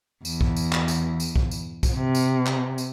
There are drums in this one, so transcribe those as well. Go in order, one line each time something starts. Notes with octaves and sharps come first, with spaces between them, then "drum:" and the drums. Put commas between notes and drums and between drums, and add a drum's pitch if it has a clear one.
E2, drum: tambourine
drum: kick B1
drum: tambourine
drum: clap
drum: tambourine
drum: tambourine
drum: kick B1
drum: tambourine
drum: kick B1, tambourine
C3
drum: tambourine
drum: clap
drum: tambourine